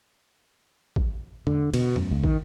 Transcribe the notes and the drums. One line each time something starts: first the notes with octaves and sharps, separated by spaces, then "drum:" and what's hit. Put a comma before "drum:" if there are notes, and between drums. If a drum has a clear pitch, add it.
drum: kick
D3, drum: tom E2
B2, drum: cymbal
F#2, drum: tom E2
C#2
D#3, drum: kick